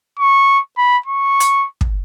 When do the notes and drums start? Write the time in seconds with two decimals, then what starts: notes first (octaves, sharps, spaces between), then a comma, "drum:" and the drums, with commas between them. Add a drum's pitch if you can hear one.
0.19 C#6
0.77 B5
1.06 C#6
1.40 drum: hi-hat
1.81 drum: kick